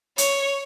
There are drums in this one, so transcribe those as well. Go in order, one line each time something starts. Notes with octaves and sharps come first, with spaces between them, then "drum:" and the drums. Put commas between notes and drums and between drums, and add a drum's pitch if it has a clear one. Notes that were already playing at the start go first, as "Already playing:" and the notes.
C#5, drum: hi-hat